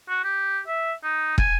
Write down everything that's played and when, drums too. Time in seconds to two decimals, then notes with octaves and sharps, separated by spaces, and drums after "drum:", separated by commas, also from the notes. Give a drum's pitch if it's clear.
0.09 F#4
0.24 G4
0.67 E5
1.03 D#4
1.38 G#5, drum: kick